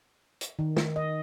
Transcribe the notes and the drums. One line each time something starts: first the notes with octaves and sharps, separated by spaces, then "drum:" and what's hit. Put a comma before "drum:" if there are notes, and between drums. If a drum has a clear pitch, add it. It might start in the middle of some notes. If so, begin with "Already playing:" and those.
drum: hi-hat
D#3
drum: snare
D#5